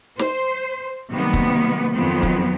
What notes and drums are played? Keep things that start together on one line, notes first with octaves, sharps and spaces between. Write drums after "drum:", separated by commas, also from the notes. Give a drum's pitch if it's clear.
C5, drum: snare
C3 D#3 F#3 G3 A#3 B3
drum: kick
F2 D#3 F3 F#3 B3 C4
drum: kick